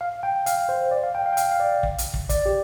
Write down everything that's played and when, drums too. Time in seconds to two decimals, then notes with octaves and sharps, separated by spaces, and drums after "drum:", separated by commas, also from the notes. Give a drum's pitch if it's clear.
0.01 F5
0.23 G5
0.46 F5, drum: hi-hat
0.69 C5
0.91 D5
1.03 F5
1.15 G5
1.26 F5
1.33 G5
1.37 F5, drum: hi-hat
1.51 F5
1.60 D5
1.83 drum: kick
1.98 drum: hi-hat
2.14 drum: kick
2.29 D5, drum: kick, hi-hat
2.46 G4